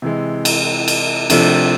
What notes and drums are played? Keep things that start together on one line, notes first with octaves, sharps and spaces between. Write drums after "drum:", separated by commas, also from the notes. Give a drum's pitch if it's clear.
C3 E3 G#3
drum: cymbal
drum: cymbal
C3 F3 A3 D4, drum: cymbal